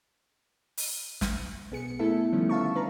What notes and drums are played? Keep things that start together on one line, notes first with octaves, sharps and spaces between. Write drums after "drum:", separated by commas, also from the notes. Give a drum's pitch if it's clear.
drum: open hi-hat
drum: snare
B1 B3 G#4 C#7
A3 B3 E4 A4 E5
D3 D#3 F3 G3 A3 C#4
E5 F5 A5 C#6
D4 B4 A#5